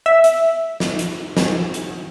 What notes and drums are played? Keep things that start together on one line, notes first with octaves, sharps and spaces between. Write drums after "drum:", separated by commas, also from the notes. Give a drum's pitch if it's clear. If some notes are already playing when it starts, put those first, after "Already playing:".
E5
drum: hi-hat
drum: snare
drum: hi-hat
drum: snare
drum: hi-hat